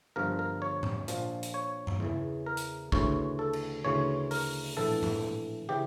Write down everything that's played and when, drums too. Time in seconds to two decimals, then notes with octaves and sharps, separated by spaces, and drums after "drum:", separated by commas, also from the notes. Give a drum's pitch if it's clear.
0.16 G1 G2 F3 A#4
0.39 A#4
0.62 C#5
0.83 drum: tom G#2
1.08 A#1 A#2 F3, drum: hi-hat
1.43 drum: hi-hat
1.54 C#5
1.87 drum: tom G2
2.00 E2 C#3 E3
2.46 A#4
2.57 drum: hi-hat
2.92 D2 C#3 E3 C#5, drum: kick
3.39 A4
3.53 drum: cymbal
3.85 D2 C#3 E3 C#5
4.31 A#4, drum: open hi-hat
4.64 drum: open hi-hat
4.77 A#1 A2 E3 A4
5.03 drum: tom G#2
5.69 C#3 E3 G4